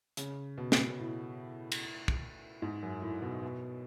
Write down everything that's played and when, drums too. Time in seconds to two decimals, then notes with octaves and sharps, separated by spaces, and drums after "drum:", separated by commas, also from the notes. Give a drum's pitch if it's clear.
0.17 C#3, drum: hi-hat
0.58 B2
0.72 drum: snare
0.99 A2
1.72 drum: cymbal
2.08 drum: kick
2.62 G#2
2.83 F#2
3.02 A2
3.22 B2
3.43 B2